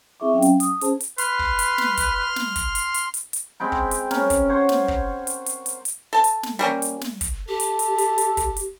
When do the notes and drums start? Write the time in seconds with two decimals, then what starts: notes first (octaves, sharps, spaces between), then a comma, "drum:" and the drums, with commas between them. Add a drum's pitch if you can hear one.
0.20 C4 E4 G#4 E5 C#6 D6
0.33 F#3 C#4 F5 G5
0.42 drum: hi-hat
0.60 D#6, drum: hi-hat
0.81 C#4 G#4 C5 A5, drum: hi-hat
1.00 drum: hi-hat
1.18 B4 C6 F6, drum: hi-hat
1.39 drum: kick
1.59 drum: hi-hat
1.78 drum: snare
1.97 drum: kick, hi-hat
2.36 drum: snare
2.56 drum: kick, hi-hat
2.75 drum: hi-hat
2.94 drum: hi-hat
3.14 drum: hi-hat
3.33 drum: hi-hat
3.60 G#3 C4 G5 B5
3.72 drum: kick
3.91 drum: hi-hat
4.11 C#4 A#4, drum: snare
4.30 drum: kick, hi-hat
4.49 C5 C#5 F#5
4.69 drum: snare
4.88 drum: kick
5.27 drum: hi-hat
5.46 drum: hi-hat
5.66 drum: hi-hat
5.85 drum: hi-hat
6.13 A4 A5
6.24 drum: hi-hat
6.43 drum: snare
6.59 G3 A#3 C#4
6.82 drum: hi-hat
7.01 drum: snare
7.21 drum: kick, hi-hat
7.49 G4 A4
7.60 drum: hi-hat
7.79 drum: hi-hat
7.98 drum: hi-hat
8.18 drum: hi-hat
8.37 drum: kick, hi-hat
8.57 drum: hi-hat